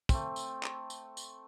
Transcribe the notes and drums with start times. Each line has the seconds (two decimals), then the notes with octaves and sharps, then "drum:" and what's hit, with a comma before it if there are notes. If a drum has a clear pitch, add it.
0.09 A3 C4, drum: kick, tambourine
0.36 drum: tambourine
0.63 drum: clap
0.90 drum: tambourine
1.17 drum: tambourine